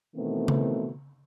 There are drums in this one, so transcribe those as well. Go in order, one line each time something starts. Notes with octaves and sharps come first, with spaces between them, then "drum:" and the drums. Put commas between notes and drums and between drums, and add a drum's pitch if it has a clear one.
B2 D#3 E3 A3 B3 C4
drum: tom C#3